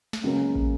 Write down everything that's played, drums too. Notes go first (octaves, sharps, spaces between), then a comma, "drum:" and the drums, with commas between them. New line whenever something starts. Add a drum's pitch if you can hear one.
drum: snare
C#2 C#3 F#3 A#3 C#4
drum: kick